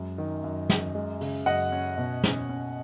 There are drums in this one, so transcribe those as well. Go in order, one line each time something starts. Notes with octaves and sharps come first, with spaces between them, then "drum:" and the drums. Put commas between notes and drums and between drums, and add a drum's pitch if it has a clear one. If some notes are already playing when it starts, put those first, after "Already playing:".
Already playing: F#2 G#3
D#3
F#2
F#2, drum: snare
G#3
C#3, drum: open hi-hat
F#2 D#5 F#5
C#4
B2
C#4, drum: snare
C#4